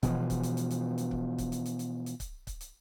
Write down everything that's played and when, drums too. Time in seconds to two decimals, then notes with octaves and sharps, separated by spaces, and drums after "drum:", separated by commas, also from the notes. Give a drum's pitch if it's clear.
0.03 B2 E3 F3, drum: kick C#1, hi-hat
0.30 drum: kick C#1, hi-hat
0.43 drum: hi-hat
0.57 drum: hi-hat
0.70 drum: hi-hat
0.98 drum: hi-hat
1.11 drum: kick C#1
1.38 drum: kick C#1, hi-hat
1.52 drum: hi-hat
1.66 drum: hi-hat
1.79 drum: hi-hat
2.06 drum: hi-hat
2.20 drum: kick C#1, hi-hat
2.47 drum: kick C#1, hi-hat
2.61 drum: hi-hat